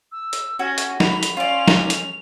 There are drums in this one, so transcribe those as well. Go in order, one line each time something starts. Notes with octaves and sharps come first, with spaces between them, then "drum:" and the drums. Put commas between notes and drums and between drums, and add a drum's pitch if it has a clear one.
E6
drum: hi-hat
C#4 F#4 G#6
drum: hi-hat
B5 F7, drum: snare
drum: hi-hat
C#4 F4 D5
drum: snare
drum: hi-hat